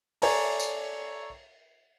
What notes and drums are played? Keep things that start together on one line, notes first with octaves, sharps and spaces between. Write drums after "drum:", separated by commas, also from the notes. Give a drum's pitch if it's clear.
A4 C#5 D5 G#5 A#5, drum: open hi-hat
drum: tambourine